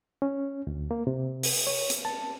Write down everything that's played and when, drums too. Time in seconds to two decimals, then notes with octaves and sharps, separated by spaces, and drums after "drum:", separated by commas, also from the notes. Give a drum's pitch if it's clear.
0.22 C#4
0.67 D2
0.91 A#3
1.07 C3
1.43 drum: open hi-hat
1.67 C#5
1.90 drum: hi-hat
2.05 A5